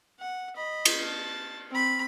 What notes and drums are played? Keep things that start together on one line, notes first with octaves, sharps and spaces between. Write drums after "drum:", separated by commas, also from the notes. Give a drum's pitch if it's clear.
F#5
D#5 B5
drum: cymbal
A5
C4 B5